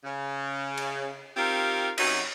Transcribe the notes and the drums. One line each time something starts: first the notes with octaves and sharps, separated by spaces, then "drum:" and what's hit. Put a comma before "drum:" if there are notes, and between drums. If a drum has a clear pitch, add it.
C#3
drum: cymbal
C4 D#4 F4 G4 A#4 F5
F#2 C3 F#3 D#4 F#4 C#5, drum: cymbal